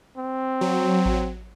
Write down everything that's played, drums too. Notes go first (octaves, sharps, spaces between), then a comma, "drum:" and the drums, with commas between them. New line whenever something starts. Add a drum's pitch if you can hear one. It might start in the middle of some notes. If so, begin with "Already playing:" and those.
C4
F#3
drum: kick A1